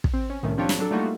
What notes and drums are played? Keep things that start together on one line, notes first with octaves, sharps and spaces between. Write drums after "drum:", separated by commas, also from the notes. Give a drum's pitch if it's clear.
drum: kick
C4
C#4
C2 A2 D#3 C#4
F3 C4 D4 F4 G4 C#5
drum: snare
F#3 D4 A4
G3 A3 A#3 D#4 F4 F#4